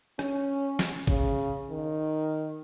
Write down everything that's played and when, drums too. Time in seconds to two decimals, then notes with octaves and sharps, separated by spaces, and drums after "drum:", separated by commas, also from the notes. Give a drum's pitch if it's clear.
0.19 C#4, drum: rim click
0.79 drum: snare
1.07 C#3, drum: kick
1.70 D#3